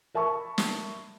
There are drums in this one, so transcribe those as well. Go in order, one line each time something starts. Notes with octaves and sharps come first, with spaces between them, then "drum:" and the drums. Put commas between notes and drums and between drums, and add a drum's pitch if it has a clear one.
A#4 E5 A5 B5 C#6
drum: snare